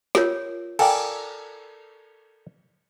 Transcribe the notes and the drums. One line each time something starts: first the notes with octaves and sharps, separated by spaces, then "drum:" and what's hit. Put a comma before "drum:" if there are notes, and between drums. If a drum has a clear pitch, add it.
F4 A#4 C#5, drum: snare
A4 A#4 D5 F5 G5 G#5, drum: cymbal